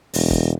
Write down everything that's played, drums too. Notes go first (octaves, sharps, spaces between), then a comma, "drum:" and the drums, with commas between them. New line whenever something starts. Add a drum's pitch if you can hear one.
E1, drum: open hi-hat
drum: kick